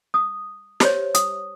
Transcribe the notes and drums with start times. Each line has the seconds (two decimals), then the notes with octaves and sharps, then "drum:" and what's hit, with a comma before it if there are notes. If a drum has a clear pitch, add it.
0.14 D#6
0.80 G4 C5 C#5, drum: snare
1.15 D#6, drum: hi-hat